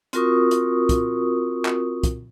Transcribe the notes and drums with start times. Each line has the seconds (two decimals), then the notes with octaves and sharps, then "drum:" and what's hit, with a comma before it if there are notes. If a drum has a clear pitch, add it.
0.13 C4 F4 F#4 A#4 C#6 D#6, drum: hi-hat
0.51 drum: hi-hat
0.89 drum: kick, hi-hat
1.65 drum: clap
2.03 drum: kick, hi-hat